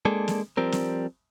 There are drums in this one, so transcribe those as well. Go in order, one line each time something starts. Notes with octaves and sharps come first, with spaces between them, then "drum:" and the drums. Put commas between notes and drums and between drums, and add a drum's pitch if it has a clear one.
G#3 A#3 D4 G#4 A4
drum: snare
F3 G3 C4 A#4
drum: snare